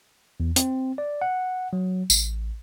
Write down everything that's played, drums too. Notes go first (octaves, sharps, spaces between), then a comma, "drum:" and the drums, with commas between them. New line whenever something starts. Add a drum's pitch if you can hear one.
E2
C4, drum: hi-hat
D5
F#5
F#3
A1, drum: tambourine